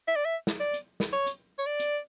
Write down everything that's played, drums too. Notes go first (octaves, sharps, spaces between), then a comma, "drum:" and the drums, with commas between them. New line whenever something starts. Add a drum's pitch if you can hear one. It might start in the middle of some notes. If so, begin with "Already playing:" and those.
E5
D5
E5
drum: snare
D5
drum: hi-hat
drum: snare
C#5
drum: hi-hat
C#5
D5
drum: hi-hat